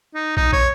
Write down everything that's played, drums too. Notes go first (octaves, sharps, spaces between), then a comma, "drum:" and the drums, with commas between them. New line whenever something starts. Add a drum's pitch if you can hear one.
D#4
D#4, drum: kick
C#5, drum: kick